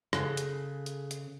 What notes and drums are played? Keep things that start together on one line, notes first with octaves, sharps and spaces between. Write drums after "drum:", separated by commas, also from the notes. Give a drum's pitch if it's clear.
C#3 G#4 A4 F#6, drum: rim click
drum: hi-hat
drum: hi-hat
drum: hi-hat